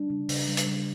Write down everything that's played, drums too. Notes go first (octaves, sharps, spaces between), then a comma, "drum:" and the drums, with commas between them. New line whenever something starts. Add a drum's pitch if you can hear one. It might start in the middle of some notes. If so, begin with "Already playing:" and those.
Already playing: G3 D4
C#3
C#3, drum: open hi-hat
G3
drum: hi-hat
G3